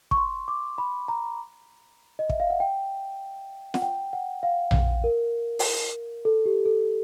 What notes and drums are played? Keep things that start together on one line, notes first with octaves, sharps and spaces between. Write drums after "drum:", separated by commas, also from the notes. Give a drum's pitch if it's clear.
C#6, drum: kick
C6
D6
B5
A#5
D#5
E5, drum: kick
F5
F#5
G5
F#5, drum: snare
G5
F#5
F5
drum: tom A#1
A#4
drum: open hi-hat
A4
G4
A4